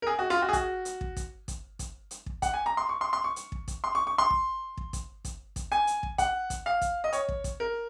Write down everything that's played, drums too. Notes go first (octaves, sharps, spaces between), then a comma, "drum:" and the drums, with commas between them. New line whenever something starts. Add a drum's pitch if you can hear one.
A#4
G#4
F#4
F4
F#4
G#4
F#4, drum: kick, hi-hat
drum: hi-hat
drum: kick
drum: kick, hi-hat
drum: kick, hi-hat
drum: kick, hi-hat
drum: hi-hat
drum: kick
F#5, drum: kick, hi-hat
G#5
A#5
C6
C#6
C6
C6
C#6
drum: hi-hat
drum: kick
drum: kick, hi-hat
C6
C#6
C#6
C6
drum: kick
drum: kick
drum: kick, hi-hat
drum: kick, hi-hat
drum: kick, hi-hat
G#5
drum: hi-hat
drum: kick
F#5, drum: kick, hi-hat
drum: kick, hi-hat
F5
drum: kick, hi-hat
D#5
C#5, drum: hi-hat
drum: kick
drum: kick, hi-hat
A#4